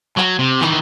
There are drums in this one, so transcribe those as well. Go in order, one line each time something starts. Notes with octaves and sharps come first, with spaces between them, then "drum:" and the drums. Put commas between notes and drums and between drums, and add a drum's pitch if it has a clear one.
F#3, drum: clap
C3
D#3 E3, drum: clap